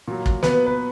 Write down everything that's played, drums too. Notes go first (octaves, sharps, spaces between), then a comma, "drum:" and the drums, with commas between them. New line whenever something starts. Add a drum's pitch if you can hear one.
A#2 F#3
drum: kick
B3 B4, drum: snare
B4